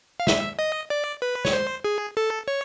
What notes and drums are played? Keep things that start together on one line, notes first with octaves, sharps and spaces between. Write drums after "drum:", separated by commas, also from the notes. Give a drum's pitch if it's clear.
F5
E5, drum: snare
D#5
D5
B4
C#5, drum: snare
C5
G#4
A4
C#5